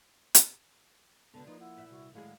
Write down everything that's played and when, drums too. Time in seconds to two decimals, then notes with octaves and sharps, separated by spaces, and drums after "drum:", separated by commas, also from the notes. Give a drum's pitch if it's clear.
0.35 drum: hi-hat
1.34 C#2 B2 D3 B3 A5
1.47 F3 A#3 D#4 F4 B4
1.60 E4 F#5
1.77 A#2 B4 E5
1.91 C2 F#4
2.14 D#2 A2 D3 F#3 G#3 E4 G#4 F5